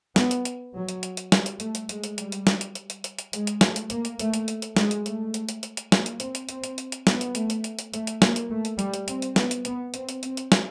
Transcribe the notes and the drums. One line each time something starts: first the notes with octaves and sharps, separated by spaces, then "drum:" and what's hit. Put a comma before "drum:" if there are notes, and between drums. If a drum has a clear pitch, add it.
B3, drum: snare
drum: hi-hat
drum: hi-hat
F#3
drum: hi-hat
drum: hi-hat
drum: hi-hat
G3, drum: snare
drum: hi-hat
A3, drum: hi-hat
drum: hi-hat
G#3, drum: hi-hat
drum: hi-hat
G3, drum: hi-hat
drum: hi-hat
drum: snare
drum: hi-hat
drum: hi-hat
drum: hi-hat
drum: hi-hat
drum: hi-hat
G#3, drum: hi-hat
drum: hi-hat
A3, drum: snare
drum: hi-hat
A#3, drum: hi-hat
drum: hi-hat
A3, drum: hi-hat
drum: hi-hat
drum: hi-hat
drum: hi-hat
G#3, drum: snare
drum: hi-hat
A3, drum: hi-hat
drum: hi-hat
drum: hi-hat
drum: hi-hat
drum: hi-hat
A#3, drum: snare
drum: hi-hat
C4, drum: hi-hat
drum: hi-hat
C4, drum: hi-hat
drum: hi-hat
drum: hi-hat
drum: hi-hat
B3, drum: snare
drum: hi-hat
A3, drum: hi-hat
drum: hi-hat
drum: hi-hat
drum: hi-hat
A3, drum: hi-hat
drum: hi-hat
A#3, drum: snare
drum: hi-hat
A3
drum: hi-hat
G3, drum: hi-hat
drum: hi-hat
C4, drum: hi-hat
drum: hi-hat
B3, drum: snare
drum: hi-hat
B3, drum: hi-hat
C4, drum: hi-hat
drum: hi-hat
C4, drum: hi-hat
drum: hi-hat
drum: snare